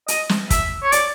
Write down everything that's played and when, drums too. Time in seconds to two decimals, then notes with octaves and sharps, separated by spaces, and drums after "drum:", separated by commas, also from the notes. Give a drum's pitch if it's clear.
0.08 D#5, drum: hi-hat
0.29 drum: snare
0.50 E5, drum: kick, hi-hat
0.83 C#5
0.92 D5, drum: hi-hat